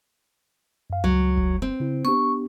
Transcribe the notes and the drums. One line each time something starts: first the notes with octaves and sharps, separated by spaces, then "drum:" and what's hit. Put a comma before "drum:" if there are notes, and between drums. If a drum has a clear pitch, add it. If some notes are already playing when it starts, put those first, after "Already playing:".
F#2 F5
C#2 F#3
drum: kick F1
C4
C#3 E4
B3 D4 G4 C#6